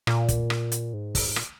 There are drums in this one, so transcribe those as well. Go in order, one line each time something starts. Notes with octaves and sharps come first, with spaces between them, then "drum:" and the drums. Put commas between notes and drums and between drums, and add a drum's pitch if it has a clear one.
A#2, drum: rim click
drum: kick, hi-hat
drum: rim click
drum: hi-hat
G#2
drum: kick, open hi-hat
A#2, drum: rim click